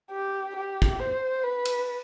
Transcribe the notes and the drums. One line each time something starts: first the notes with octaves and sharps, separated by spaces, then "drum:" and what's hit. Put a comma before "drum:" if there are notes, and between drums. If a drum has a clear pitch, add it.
G4
G4
drum: kick
C5
B4
drum: cymbal